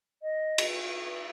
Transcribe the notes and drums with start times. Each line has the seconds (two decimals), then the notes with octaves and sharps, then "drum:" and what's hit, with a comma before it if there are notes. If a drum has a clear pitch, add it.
0.22 D#5
0.58 drum: cymbal